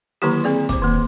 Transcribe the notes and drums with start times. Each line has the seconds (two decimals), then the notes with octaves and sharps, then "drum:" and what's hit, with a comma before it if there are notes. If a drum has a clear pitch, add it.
0.22 D3 D#3 F#3 A#3 E4 G4
0.44 C4 G#4 D5
0.69 C5 D6, drum: kick, hi-hat
0.82 D#3 A#3